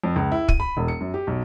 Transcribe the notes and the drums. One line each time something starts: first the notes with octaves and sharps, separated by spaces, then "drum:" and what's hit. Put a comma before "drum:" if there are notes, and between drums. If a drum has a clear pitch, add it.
F2
C#2
E4
D#7, drum: kick
B5
E1
C#7
F#2
G4
B1